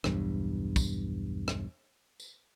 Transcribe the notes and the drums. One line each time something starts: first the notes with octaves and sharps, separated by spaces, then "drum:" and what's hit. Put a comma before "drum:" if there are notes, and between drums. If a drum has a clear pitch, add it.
B1 E2 G2, drum: rim click
drum: kick, tambourine
drum: rim click
drum: tambourine